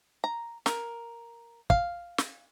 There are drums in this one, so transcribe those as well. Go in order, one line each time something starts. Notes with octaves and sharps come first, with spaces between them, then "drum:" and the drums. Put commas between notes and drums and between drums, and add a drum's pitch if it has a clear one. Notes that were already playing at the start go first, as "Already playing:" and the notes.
A#5
A#4, drum: snare
F5, drum: kick
drum: snare